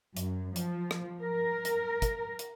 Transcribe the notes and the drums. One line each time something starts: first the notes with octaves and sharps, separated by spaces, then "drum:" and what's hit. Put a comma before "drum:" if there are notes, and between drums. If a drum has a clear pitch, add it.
F#2, drum: hi-hat
F3, drum: hi-hat
drum: rim click
A#4
drum: hi-hat
drum: kick, hi-hat
drum: hi-hat